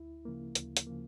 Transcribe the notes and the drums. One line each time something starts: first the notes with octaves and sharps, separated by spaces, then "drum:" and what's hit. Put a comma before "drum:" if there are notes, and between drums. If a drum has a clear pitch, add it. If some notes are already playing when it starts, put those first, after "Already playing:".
Already playing: D2 E4
C#3 F3 A#3
D2, drum: hi-hat
drum: hi-hat
C#3 F3 A#3